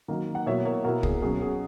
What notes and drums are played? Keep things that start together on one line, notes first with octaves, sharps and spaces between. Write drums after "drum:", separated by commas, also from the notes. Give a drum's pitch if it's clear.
D#3 F#3 A#3
F#5
B2 F#3 A#3 E4 C#5 E5
A#4 C#5
B2 A#3 E4 F#4 A#4
G#4, drum: kick
B2 F#3 C#4 G#4
G#4